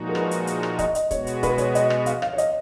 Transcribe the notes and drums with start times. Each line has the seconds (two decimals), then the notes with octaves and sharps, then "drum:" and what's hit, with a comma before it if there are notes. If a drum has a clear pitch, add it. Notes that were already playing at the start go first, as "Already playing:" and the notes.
Already playing: A#2 F3 G#3 D#4 F#4
0.09 A#4
0.15 B4, drum: rim click
0.31 drum: hi-hat
0.47 drum: hi-hat
0.63 drum: rim click
0.79 D#5, drum: kick, hi-hat
0.95 D#5, drum: hi-hat
1.11 B2 G#3 B3 F#4 C#5, drum: kick, hi-hat
1.27 drum: hi-hat
1.43 B4, drum: kick, hi-hat
1.58 C#5, drum: hi-hat
1.75 D#5, drum: hi-hat
1.90 drum: rim click
2.06 F5, drum: hi-hat
2.22 F5, drum: rim click
2.33 C#5
2.38 D#5, drum: hi-hat